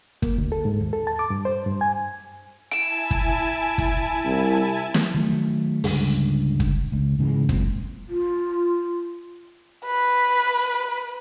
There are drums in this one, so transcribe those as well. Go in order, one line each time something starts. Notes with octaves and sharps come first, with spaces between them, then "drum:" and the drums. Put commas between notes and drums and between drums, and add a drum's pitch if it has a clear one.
A#3, drum: kick
D2
A4
G#2
D#2
A4
A5
D6
G2
C5
G2
G#5
E4 G#5 A5 D7 E7, drum: hi-hat
drum: kick
drum: kick
C2
drum: snare
D#3 F#3 A3
C#2 G2 D3, drum: open hi-hat
drum: kick
C#2
G#2 C#3 E3 G#3
F#2 A#2 G#3 C4, drum: kick
F4
B4